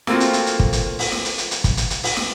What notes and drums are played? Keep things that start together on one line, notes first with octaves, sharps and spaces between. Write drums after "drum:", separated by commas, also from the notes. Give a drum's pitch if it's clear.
A3 A#3 C4 F4 F#4, drum: snare
drum: hi-hat
drum: hi-hat
drum: hi-hat
drum: kick
drum: hi-hat
drum: open hi-hat
drum: snare
drum: hi-hat
drum: hi-hat
drum: hi-hat
drum: kick, hi-hat
drum: hi-hat
drum: hi-hat
drum: open hi-hat
drum: snare